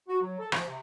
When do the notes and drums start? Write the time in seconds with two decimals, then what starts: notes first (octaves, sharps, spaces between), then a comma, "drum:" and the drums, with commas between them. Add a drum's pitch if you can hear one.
0.08 F#4
0.21 F#3
0.39 A4
0.52 F3, drum: rim click
0.66 C3